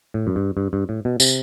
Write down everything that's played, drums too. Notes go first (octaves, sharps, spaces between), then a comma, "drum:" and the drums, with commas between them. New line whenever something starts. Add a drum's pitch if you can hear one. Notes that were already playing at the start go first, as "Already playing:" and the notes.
A2
F#2
G2
G2
G2
A2
B2
C3, drum: tambourine